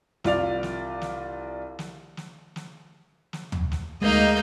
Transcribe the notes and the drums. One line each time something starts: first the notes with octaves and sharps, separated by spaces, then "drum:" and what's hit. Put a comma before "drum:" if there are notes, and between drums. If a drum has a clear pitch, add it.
C2 F4 D5 F7, drum: snare
drum: snare
drum: snare
drum: snare
drum: snare
drum: snare
drum: snare
drum: tom
drum: snare
D2 G#3 A#3 D#4 D#5 G6